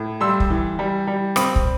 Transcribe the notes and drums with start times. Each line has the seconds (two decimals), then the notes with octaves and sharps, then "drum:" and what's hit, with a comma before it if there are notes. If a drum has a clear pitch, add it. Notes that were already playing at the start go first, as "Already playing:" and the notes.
Already playing: A2
0.21 G3 C6 E6
0.40 drum: kick
0.50 E3
0.79 G3
1.07 G3
1.36 C4 B5 D#6, drum: rim click
1.56 drum: kick